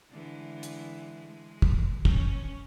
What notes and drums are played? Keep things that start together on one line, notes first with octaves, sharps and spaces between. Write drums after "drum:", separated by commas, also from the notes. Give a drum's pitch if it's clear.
D3 E3 G#3
drum: hi-hat
G#3
drum: kick
C#4, drum: kick